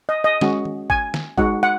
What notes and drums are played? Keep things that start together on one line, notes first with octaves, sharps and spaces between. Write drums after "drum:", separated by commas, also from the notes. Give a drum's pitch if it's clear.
D#5
D#5
G#3 C#4 F#4, drum: snare
drum: tom D#3
G#5, drum: kick
drum: snare
G#3 D#4 F#4 F#5, drum: kick
F#5